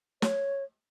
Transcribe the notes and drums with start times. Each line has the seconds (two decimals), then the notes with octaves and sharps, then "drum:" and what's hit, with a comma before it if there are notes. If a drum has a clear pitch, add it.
0.22 C#5, drum: snare